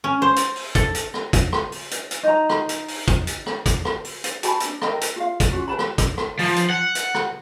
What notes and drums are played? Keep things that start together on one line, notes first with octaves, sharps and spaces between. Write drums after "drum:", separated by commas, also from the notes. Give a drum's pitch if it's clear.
C#4
C5
drum: hi-hat
drum: open hi-hat
A4, drum: kick, hi-hat
drum: hi-hat
drum: rim click
drum: kick, hi-hat
drum: rim click
drum: open hi-hat
drum: hi-hat
drum: hi-hat
D#4 A#5
drum: rim click
drum: hi-hat
drum: open hi-hat
drum: kick, hi-hat
drum: hi-hat
drum: rim click
drum: kick, hi-hat
drum: rim click
drum: open hi-hat
drum: hi-hat
F#4 G#5 A5 B5, drum: hi-hat
D4 D#4, drum: hi-hat
A4 A#4 D#5 G5, drum: rim click
drum: hi-hat
F4 F5
drum: kick, hi-hat
C#4 F4 F#4
A#4 B4 A5 B5
drum: rim click
drum: kick, hi-hat
drum: rim click
F3, drum: open hi-hat
drum: hi-hat
F#5
drum: hi-hat
drum: rim click